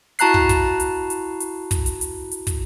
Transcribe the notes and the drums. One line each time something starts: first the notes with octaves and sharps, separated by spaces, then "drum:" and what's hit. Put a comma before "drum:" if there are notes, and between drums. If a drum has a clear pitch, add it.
E4 F#4 A5 A#5 F#6 C7, drum: hi-hat
drum: kick
drum: kick, hi-hat
drum: hi-hat
drum: hi-hat
drum: hi-hat
drum: kick, hi-hat
drum: hi-hat
drum: hi-hat
drum: hi-hat
drum: kick, hi-hat